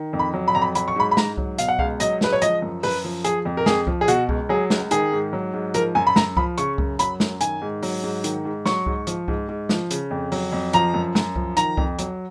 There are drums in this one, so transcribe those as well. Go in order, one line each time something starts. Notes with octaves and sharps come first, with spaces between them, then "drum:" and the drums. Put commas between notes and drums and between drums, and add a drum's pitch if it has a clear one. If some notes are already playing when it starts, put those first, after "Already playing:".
Already playing: D#3
F2
B5
F#3
B5
F2 A#5
B5
F#3 B5, drum: hi-hat
C#6
G#2 B5
B5
G#2 A#5, drum: snare
F#3, drum: kick C2
B2 F5, drum: hi-hat
F#5
C#2 F5, drum: kick C2
F#3 D#5, drum: hi-hat
C#2 B4, drum: snare
C#5
F3 D#5, drum: hi-hat
F#2
F#2 B4, drum: open hi-hat
F3
F3 G#4, drum: hi-hat
F2
A#4
F2 G#4, drum: snare
F3, drum: kick C2
G#4
B2 F#4, drum: hi-hat
C#2, drum: kick C2
F#3 G#4
C#2, drum: snare
D#3 G#4, drum: hi-hat
G#2
F#3
G#2
F3 A#4, drum: hi-hat
F#2 G#5
B5
F#2 A#5, drum: snare
F3 B5, drum: kick C2
C#3 C#6, drum: hi-hat
F#2, drum: kick C2
F#3 B5, drum: hi-hat
F#2, drum: snare
D#3 G#5, drum: hi-hat
G#2
F#3, drum: open hi-hat
G#2
D#3, drum: hi-hat
G#2
F#3 C#6, drum: snare
G#2, drum: kick C2
F3, drum: hi-hat
G#2, drum: kick C2
G#2
F3, drum: snare
C#3, drum: hi-hat
F2
F#3, drum: open hi-hat
F2
F3 A#5, drum: hi-hat
F#2
F#2, drum: snare
F3, drum: kick C2
D#3 A#5, drum: hi-hat
F2, drum: kick C2
F#3, drum: hi-hat